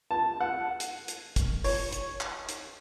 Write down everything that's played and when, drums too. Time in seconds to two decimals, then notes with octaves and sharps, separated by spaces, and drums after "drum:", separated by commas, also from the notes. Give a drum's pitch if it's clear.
0.11 A5
0.40 F#5
0.80 drum: hi-hat
1.08 drum: hi-hat
1.36 drum: kick, hi-hat
1.64 C#5, drum: open hi-hat
1.92 drum: hi-hat
2.21 drum: clap
2.49 drum: hi-hat